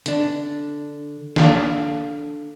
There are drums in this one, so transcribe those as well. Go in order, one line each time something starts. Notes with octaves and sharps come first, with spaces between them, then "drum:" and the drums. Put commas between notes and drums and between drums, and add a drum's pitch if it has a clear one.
D3 D4, drum: hi-hat
D4 A4 D5 F5, drum: snare